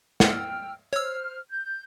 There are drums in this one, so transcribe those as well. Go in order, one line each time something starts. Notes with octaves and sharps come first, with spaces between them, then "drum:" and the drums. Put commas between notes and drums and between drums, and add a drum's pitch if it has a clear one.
F#5 G5 E6 F6, drum: snare
C5 C#5 E6 F6
G6